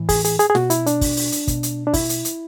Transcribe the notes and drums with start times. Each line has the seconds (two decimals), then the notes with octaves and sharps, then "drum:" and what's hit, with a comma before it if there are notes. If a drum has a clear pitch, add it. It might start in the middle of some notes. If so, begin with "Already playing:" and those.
Already playing: A2 E3
0.09 G#4, drum: kick, open hi-hat
0.25 G#4, drum: hi-hat
0.39 G#4, drum: hi-hat
0.50 G#4
0.55 B2 F#4, drum: snare
0.70 E4, drum: hi-hat
0.86 D4, drum: hi-hat
1.01 drum: kick, open hi-hat
1.17 drum: open hi-hat
1.32 drum: hi-hat
1.48 B2, drum: kick, hi-hat
1.63 drum: hi-hat
1.87 D4
1.93 E4, drum: kick, open hi-hat
2.09 drum: hi-hat
2.25 drum: hi-hat